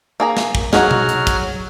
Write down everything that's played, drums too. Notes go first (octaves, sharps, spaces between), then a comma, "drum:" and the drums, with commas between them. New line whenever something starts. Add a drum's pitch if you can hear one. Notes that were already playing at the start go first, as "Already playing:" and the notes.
A#3 G#4 A#5
drum: snare
drum: kick
F#3 D#4 F#4 G#4 F#5 F6, drum: snare
drum: tom B2
drum: hi-hat
drum: kick, hi-hat